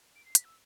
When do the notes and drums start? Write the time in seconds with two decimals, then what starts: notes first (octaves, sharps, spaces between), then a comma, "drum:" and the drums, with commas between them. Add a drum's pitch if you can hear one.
0.16 D7
0.25 C7
0.35 B6, drum: hi-hat
0.45 E6